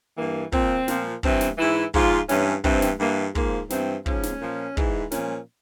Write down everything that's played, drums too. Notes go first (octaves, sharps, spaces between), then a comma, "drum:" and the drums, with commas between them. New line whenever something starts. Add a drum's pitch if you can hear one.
G2 E3 A#3
A#2 F3 C4, drum: kick
A#2 F3, drum: snare
G2 E3 C4, drum: kick
drum: snare
G#2 E3 E4
G#2 F3 F4, drum: kick
G2 E3 C#4, drum: snare
G2 E3 C4, drum: kick
drum: snare
G2 E3 A#3
G#2 F3 A#3, drum: kick
G2 E3 C4, drum: snare
G#2 F3 C#4, drum: kick
drum: snare
A#2 F3
G#2 E3, drum: kick
A#2 F3 C#4, drum: snare